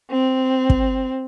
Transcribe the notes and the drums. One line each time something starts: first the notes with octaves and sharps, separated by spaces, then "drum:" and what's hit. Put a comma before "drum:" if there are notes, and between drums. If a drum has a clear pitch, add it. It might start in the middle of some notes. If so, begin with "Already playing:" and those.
C4
drum: kick